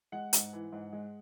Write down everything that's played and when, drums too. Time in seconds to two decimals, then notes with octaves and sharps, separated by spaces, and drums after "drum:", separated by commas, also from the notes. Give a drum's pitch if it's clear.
0.12 G#3 F#5
0.33 G#2, drum: hi-hat
0.53 E3
0.72 G#2
0.92 G#3